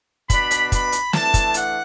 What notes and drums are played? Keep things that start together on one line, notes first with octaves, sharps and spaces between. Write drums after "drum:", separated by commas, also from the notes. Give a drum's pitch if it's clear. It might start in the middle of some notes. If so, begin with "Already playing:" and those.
B2 B3 D4 B5, drum: kick, hi-hat
drum: hi-hat
B5, drum: kick, hi-hat
drum: hi-hat
E3 A3 D4 A5, drum: snare
drum: kick, hi-hat
F#5, drum: hi-hat